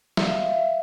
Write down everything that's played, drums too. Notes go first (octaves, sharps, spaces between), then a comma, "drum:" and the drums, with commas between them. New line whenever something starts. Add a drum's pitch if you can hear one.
E5 F5, drum: snare